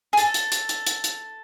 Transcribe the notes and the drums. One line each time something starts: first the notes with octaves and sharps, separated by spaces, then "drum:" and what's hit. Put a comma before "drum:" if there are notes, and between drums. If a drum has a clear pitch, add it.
G#4
A4, drum: hi-hat
drum: hi-hat
drum: hi-hat
drum: hi-hat
drum: hi-hat
drum: hi-hat